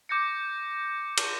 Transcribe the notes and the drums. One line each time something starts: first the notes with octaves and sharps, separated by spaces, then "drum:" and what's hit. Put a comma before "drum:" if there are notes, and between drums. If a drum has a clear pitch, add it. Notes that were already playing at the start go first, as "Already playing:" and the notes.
D6 G6 A#6 C#7
drum: cymbal